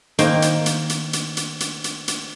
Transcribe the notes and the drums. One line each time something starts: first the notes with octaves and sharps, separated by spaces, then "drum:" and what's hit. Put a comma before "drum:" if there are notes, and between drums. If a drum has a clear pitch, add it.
D#3 A#3 C5 G5, drum: hi-hat
drum: hi-hat
drum: hi-hat
drum: hi-hat
drum: hi-hat
drum: hi-hat
drum: hi-hat
drum: hi-hat
drum: hi-hat